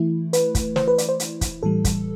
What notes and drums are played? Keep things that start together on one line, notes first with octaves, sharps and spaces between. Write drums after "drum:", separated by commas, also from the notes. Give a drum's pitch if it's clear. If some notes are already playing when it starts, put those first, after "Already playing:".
Already playing: E3 A3 E4
B4, drum: hi-hat
drum: kick, hi-hat
C5, drum: snare
B4
D5, drum: hi-hat
C5
drum: hi-hat
drum: kick, hi-hat
A2 E3 G3 A4
drum: kick, hi-hat